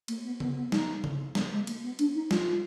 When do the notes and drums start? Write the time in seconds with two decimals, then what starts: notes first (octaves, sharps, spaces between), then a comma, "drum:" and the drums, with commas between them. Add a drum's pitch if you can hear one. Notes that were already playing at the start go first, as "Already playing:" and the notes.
0.08 A#3, drum: cymbal
0.24 B3
0.40 B3, drum: tom C#3
0.56 B3
0.72 D#4, drum: snare
1.04 drum: tom C#3
1.35 B3, drum: snare
1.51 G#3
1.67 A#3, drum: cymbal
1.83 B3
1.99 D4, drum: cymbal
2.15 D#4
2.31 F4, drum: snare